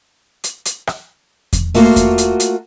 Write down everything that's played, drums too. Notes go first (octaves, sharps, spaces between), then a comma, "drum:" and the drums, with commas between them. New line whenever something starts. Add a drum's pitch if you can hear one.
drum: hi-hat
drum: hi-hat
drum: rim click
drum: kick E2, hi-hat
A3 A#3 F4 F#4, drum: open hi-hat
drum: kick E2, hi-hat
drum: hi-hat
drum: hi-hat